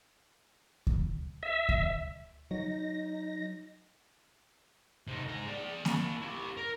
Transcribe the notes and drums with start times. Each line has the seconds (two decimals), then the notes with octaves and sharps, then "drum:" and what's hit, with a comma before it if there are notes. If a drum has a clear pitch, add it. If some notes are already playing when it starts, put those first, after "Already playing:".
0.87 drum: kick D2
1.43 E5
1.69 drum: kick D2
2.51 F#3 D#4 A#6
5.08 C3 D#4
5.29 G#2 A#5
5.46 G#4 D5
5.85 A#2 B5, drum: snare A#3
6.22 E4 G4
6.57 A#4